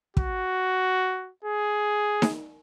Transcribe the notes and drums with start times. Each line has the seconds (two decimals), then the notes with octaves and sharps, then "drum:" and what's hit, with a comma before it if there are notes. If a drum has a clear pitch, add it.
0.17 F#4, drum: kick
1.44 G#4
2.22 drum: snare D#4